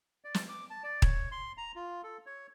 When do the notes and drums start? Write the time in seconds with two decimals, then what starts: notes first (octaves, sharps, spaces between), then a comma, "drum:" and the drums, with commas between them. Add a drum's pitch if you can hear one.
0.25 D5
0.34 drum: snare
0.49 D6
0.70 A5
0.83 D5
1.02 C#5, drum: kick D#1
1.32 C6
1.57 A#5
1.76 F4
2.03 A4
2.26 C#5